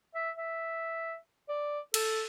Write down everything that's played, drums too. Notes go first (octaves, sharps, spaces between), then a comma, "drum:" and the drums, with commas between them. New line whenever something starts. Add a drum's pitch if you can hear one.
E5
E5
D5
A4, drum: cymbal